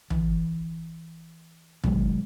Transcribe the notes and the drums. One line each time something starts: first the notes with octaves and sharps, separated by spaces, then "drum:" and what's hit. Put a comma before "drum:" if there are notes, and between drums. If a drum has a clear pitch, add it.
E3, drum: tom
B2 D#3 F#3 G#3, drum: tom